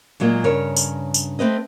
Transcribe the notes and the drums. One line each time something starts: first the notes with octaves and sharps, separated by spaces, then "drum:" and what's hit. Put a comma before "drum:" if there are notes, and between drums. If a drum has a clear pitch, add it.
A#2 F#3 G#3 A#3
G2 C#3 A#4 C#5
drum: tambourine
drum: tambourine
A3 C4 B4 D#5